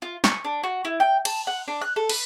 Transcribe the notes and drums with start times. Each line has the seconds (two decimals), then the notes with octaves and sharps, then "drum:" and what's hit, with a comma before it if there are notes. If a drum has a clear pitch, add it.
0.02 F4
0.24 C#6, drum: snare
0.44 D4
0.63 F#4
0.85 E4
1.00 G5
1.25 A5, drum: cymbal
1.47 F#5
1.68 D4
1.81 F#6
1.96 A4
2.10 B4, drum: cymbal